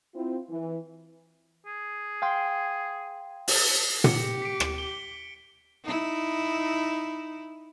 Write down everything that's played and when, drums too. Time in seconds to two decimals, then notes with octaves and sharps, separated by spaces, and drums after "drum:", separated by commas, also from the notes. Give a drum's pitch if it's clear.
0.14 C4 E4 F4
0.49 E3
1.66 G#4
2.22 F5 G5 C6
3.48 drum: open hi-hat
4.04 G4 C#7, drum: tom
4.42 B6 D7
4.60 drum: rim click
4.78 G7
5.84 D#4 E4